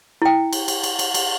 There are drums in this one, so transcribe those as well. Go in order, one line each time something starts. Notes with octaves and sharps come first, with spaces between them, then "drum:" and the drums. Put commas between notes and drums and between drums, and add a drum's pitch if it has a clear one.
E4 G5
drum: cymbal
drum: cymbal
drum: cymbal
drum: cymbal
drum: cymbal